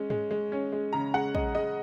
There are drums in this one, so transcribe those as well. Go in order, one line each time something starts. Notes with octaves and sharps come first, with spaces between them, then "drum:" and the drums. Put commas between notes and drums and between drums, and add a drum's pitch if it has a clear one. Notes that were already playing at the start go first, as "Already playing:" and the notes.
Already playing: G#3 C#4
G#3, drum: tom G#2
G#3
C#4
G#3
C#3 A#5
G#3 F#5
G#3 D#5, drum: kick
G#3 D#5